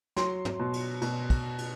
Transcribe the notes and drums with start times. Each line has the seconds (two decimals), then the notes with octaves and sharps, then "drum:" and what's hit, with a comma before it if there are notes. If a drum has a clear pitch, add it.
0.17 F#3 C6, drum: snare
0.45 drum: tom
0.59 B2
0.73 drum: cymbal
1.02 B2, drum: cymbal
1.30 drum: kick, cymbal
1.58 drum: cymbal